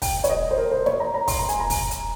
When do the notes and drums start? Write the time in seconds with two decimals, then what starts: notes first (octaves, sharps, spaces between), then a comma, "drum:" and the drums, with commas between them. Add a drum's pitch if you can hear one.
0.02 G5, drum: kick, open hi-hat
0.24 C#5, drum: hi-hat
0.30 D#5
0.51 C5
0.57 A#4
0.72 C5
0.86 C#5, drum: snare
1.00 A#5
1.14 A#5
1.27 C6, drum: kick, open hi-hat
1.39 A#5
1.49 G#5, drum: hi-hat
1.60 A#5
1.70 drum: kick, open hi-hat
1.91 drum: hi-hat